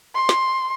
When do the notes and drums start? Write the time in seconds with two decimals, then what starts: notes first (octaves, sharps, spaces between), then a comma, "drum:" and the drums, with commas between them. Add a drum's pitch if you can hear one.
0.15 C6
0.29 drum: snare